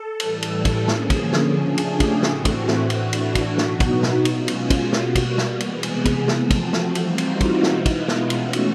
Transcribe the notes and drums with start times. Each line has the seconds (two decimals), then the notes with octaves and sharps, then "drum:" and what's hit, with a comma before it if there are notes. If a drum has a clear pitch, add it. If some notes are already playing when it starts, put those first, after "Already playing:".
Already playing: A4
0.20 A2 E3 G3, drum: cymbal
0.43 drum: cymbal
0.65 drum: kick, cymbal
0.88 D3 F3 A#3 C#4 G#4, drum: snare
1.10 drum: kick, cymbal
1.33 drum: snare
1.55 C#3 F3 A3 D4 G#4
1.78 drum: cymbal
1.89 G4
2.00 drum: kick, cymbal
2.23 A2 E3 A3 C4 F#4, drum: snare
2.45 drum: kick, cymbal
2.68 drum: snare
2.90 A2 E3 A3 D4, drum: cymbal
3.13 drum: cymbal
3.35 drum: kick, cymbal
3.58 B2 F#3 B3 D#4 F#4, drum: snare
3.80 drum: kick, cymbal
4.03 drum: snare
4.25 B2 G#3 C#4 F4, drum: cymbal
4.48 drum: cymbal
4.70 drum: kick, cymbal
4.93 B2 G3 A#3 F#4, drum: snare
5.15 drum: kick, cymbal
5.26 F#4
5.38 drum: snare
5.60 C3 E3 G#3 B3 G#4, drum: cymbal
5.83 drum: cymbal
6.05 drum: kick, cymbal
6.28 F3 A3 C4 A4, drum: snare
6.51 drum: kick, cymbal
6.62 F#4
6.73 drum: snare
6.95 E3 G3 C4 D#4 F4, drum: cymbal
7.18 drum: cymbal
7.29 F#4
7.41 drum: kick, cymbal
7.63 B2 G#3 B3 D#4 E4, drum: snare
7.86 drum: kick, cymbal
7.97 F4
8.08 drum: snare
8.30 E3 A3 C#4 F#4, drum: cymbal
8.53 drum: cymbal